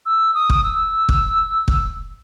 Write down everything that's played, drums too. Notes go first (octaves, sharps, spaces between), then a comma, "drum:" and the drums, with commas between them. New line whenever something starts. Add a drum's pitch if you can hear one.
E6
D#6
drum: kick
E6
drum: kick
drum: kick